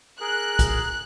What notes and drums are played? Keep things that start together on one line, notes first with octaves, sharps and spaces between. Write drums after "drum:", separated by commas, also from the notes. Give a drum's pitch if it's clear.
G#4 A#4 F#6
drum: kick, hi-hat